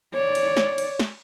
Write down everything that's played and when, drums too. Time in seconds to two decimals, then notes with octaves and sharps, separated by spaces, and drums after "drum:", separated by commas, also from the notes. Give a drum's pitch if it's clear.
0.14 C#5 D5
0.35 drum: cymbal
0.57 drum: snare
0.78 drum: cymbal
0.99 drum: snare